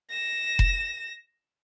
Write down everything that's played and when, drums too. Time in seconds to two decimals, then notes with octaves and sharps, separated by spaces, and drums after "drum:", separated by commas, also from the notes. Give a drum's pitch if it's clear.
0.10 A#6 E7
0.59 drum: kick F1